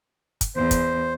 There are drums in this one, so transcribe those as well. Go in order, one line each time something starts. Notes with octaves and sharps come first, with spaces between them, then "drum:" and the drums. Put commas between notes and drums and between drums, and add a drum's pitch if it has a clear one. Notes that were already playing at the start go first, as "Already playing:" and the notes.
drum: kick, hi-hat
E2 C5
drum: kick, hi-hat